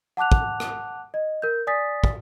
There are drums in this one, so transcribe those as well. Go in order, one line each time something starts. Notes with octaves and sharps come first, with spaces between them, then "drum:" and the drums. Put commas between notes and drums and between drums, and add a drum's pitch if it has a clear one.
F#5 A5 D6 F#6 F7
drum: kick
drum: rim click
D#5
A#4 G6
D5 G#5 D#6 A6 B6
drum: kick